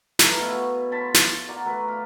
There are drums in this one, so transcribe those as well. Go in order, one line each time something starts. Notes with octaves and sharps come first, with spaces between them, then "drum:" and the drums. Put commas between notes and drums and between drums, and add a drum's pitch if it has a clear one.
A3 A#4 B4, drum: snare
B2 E4 F5
C#5 A5 B5 C6
drum: snare
F#4 A#4 D5
A3 A#4 B4
F5